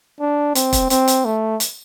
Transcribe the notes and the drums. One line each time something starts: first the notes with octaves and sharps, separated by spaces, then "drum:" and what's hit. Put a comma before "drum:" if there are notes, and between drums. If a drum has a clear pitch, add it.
D4
C4, drum: hi-hat
drum: kick, hi-hat
C4, drum: hi-hat
drum: hi-hat
A3
drum: hi-hat